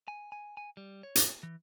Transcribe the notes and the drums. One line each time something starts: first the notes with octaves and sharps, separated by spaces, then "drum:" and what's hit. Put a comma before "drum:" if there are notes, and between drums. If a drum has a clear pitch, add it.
G#5
G#5
G#5
G3
C#5
drum: hi-hat
E3